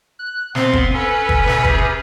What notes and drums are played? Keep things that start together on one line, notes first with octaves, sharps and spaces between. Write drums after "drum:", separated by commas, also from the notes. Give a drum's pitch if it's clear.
F#6
B3 C4 F5 C6, drum: snare
drum: kick
C#4 A4 B4
drum: kick
drum: snare
C3 C#4 G#4, drum: kick